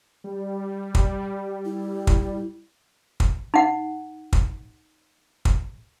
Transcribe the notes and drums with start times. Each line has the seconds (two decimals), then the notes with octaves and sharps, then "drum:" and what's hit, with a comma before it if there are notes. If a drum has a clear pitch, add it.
0.24 G3
0.95 drum: kick
1.65 E4
2.07 drum: kick
3.20 drum: kick
3.54 D#4 F#5
4.33 drum: kick
5.45 drum: kick